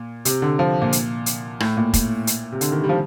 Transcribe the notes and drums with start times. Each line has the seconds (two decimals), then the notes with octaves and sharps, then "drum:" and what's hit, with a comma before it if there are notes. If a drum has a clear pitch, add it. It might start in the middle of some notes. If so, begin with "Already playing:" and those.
Already playing: A#2
0.25 C3, drum: hi-hat
0.42 D3
0.59 F3
0.82 A#2
0.92 drum: hi-hat
1.26 drum: hi-hat
1.60 A2, drum: rim click
1.77 A#2
1.94 drum: kick, hi-hat
2.27 drum: hi-hat
2.52 C3
2.61 D3, drum: hi-hat
2.72 D#3
2.84 G3
2.89 F3